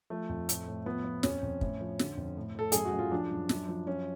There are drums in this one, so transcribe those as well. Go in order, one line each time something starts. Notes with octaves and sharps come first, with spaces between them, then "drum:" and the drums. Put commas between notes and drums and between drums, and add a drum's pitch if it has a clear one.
F3 A3
F2
A2, drum: hi-hat
A2
F3 B3
F3
F2 C#4, drum: snare
F2
A2, drum: kick
F3
D3, drum: snare
F2
A2
A2 A4
F#2 G#4, drum: hi-hat
F#4
F#2
F4
F3 D4
F#2
F#2, drum: snare
F3
F3 C#4